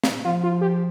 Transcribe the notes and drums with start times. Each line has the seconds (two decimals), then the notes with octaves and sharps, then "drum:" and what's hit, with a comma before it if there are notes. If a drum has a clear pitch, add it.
0.04 drum: snare
0.25 F3 F4
0.43 F4
0.61 G4